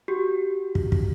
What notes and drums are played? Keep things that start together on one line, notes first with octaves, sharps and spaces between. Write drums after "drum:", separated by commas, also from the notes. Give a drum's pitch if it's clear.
F#4 G4
drum: kick
drum: kick